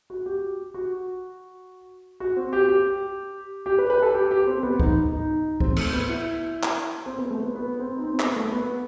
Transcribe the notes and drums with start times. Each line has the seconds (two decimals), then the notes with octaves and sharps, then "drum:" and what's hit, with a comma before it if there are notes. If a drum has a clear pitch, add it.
0.10 F#4
0.26 G4
0.74 F#4
2.20 F#4
2.36 C4
2.53 G4
2.69 G4
3.66 G4
3.78 B4
3.90 B4
4.02 A4
4.14 G4
4.31 G4
4.47 C4
4.63 B3
4.80 D#4, drum: kick
5.12 D#4
5.60 C4, drum: kick
5.76 A3, drum: cymbal
5.93 B3
6.09 E4
6.63 drum: clap
7.06 C4
7.18 B3
7.31 A3
7.43 B3
7.55 B3
7.79 C4
7.96 D#4
8.03 C4
8.20 B3, drum: clap
8.36 A3
8.52 B3